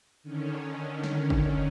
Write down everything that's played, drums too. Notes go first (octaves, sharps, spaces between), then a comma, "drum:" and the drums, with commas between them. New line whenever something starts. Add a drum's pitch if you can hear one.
D3 D#3 C#4
drum: snare
drum: kick